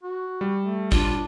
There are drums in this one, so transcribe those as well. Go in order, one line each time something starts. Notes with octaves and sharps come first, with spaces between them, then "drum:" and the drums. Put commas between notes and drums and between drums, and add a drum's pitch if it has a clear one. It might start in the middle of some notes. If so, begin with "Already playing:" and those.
F#4
G3
A3
D4 F4, drum: kick G#1